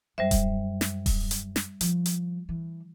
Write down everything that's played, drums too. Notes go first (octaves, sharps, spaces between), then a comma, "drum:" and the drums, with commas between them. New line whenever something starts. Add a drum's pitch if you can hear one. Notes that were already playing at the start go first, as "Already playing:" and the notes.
F#2 G3 C5 E5
drum: kick D#1, hi-hat
drum: snare
drum: kick D#1, open hi-hat
drum: hi-hat
drum: snare
F3, drum: hi-hat
drum: hi-hat
E3